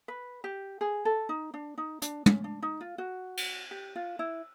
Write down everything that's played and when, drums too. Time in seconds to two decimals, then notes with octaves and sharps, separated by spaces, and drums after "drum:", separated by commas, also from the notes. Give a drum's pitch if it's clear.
0.08 B4
0.44 G4
0.81 G#4
1.05 A4
1.29 D#4
1.54 D4
1.78 D#4
2.02 D4, drum: hi-hat
2.26 C#4, drum: tom
2.44 D4
2.62 D#4
2.81 F4
2.98 F#4
3.37 drum: cymbal
3.71 G4
3.96 F4
4.19 E4